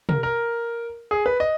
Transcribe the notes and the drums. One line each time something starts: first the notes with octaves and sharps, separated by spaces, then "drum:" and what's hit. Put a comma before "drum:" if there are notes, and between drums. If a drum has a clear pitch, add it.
A#4, drum: tom
A#4
G#4
B4
D#5